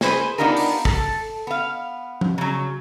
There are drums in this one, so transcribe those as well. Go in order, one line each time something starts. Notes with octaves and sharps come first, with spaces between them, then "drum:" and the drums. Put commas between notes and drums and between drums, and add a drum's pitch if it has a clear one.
G#4 B4 C5 G#5, drum: snare
B3 D4 D#4 F4 G4 A#4
drum: open hi-hat
A4, drum: kick
B3 F5
drum: tom F3
C#3 F#3